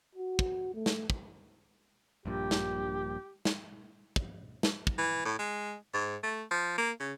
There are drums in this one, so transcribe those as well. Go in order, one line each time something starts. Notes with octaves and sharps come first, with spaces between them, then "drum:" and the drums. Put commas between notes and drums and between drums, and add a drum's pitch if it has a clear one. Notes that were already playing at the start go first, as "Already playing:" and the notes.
F#4
drum: kick
A3
drum: snare
drum: kick
A#1 G2 A#2 G4
drum: snare
drum: snare
drum: kick
drum: snare
drum: kick
E3
A2
G#3
G#2
A3
F3
A#3
C#3